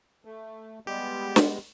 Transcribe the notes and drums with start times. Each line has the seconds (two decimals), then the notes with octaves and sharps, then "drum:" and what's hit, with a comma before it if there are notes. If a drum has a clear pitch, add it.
0.25 A3
0.87 G3 G#3 B3 G4
1.36 drum: snare